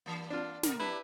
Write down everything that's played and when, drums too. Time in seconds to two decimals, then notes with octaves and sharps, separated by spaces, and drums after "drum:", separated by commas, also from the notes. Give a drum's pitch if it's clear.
0.06 G2 E3 A#3
0.30 D4 F4
0.63 A#2 D3 A#4, drum: snare
0.79 D4 E4 G4 B4